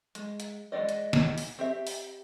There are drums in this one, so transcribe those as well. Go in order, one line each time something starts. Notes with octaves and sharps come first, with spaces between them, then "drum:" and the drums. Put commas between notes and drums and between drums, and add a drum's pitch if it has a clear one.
G#3, drum: hi-hat
drum: hi-hat
E3 G#3 F#4 D5 D#5
drum: hi-hat
drum: snare
drum: open hi-hat
C4 G4 E5
drum: open hi-hat